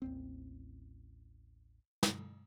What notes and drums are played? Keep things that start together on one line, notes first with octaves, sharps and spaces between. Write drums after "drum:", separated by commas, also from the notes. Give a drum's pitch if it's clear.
A1 D#2 C4
drum: snare